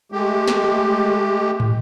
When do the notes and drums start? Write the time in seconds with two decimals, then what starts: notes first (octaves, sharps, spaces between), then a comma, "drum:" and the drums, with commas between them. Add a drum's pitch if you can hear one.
0.12 G#3 A3 G4
0.47 drum: snare
1.60 drum: tom